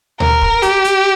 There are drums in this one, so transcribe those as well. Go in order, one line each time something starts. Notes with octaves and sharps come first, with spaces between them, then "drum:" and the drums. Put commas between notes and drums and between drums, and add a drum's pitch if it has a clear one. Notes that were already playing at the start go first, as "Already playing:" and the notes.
A#4, drum: tom D2
drum: kick
G4, drum: hi-hat
drum: hi-hat